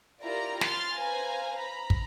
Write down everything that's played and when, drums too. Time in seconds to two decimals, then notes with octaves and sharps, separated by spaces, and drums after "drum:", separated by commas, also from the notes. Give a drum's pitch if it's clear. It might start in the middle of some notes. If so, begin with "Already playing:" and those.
0.23 E4 F4 G4 A#4 D5 A#5
0.61 C6 F6 A6, drum: snare
0.95 B4 C5 F5 G#5 A#5
1.58 A#5 B5
1.90 drum: kick